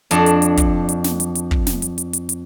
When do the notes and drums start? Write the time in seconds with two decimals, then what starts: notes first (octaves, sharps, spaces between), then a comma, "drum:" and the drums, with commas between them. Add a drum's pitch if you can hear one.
0.11 F2 D4, drum: hi-hat
0.26 drum: hi-hat
0.42 drum: hi-hat
0.57 drum: kick, hi-hat
0.89 drum: hi-hat
1.04 drum: snare
1.20 drum: hi-hat
1.35 drum: hi-hat
1.51 drum: kick
1.67 drum: snare
1.82 drum: hi-hat
1.98 drum: hi-hat
2.13 drum: hi-hat
2.29 drum: hi-hat